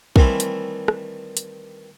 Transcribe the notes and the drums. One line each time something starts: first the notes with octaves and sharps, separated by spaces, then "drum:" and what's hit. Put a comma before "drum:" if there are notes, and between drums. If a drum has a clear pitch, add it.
D#3 E3 G3 A3 C4 E4, drum: kick
drum: hi-hat
drum: rim click
drum: hi-hat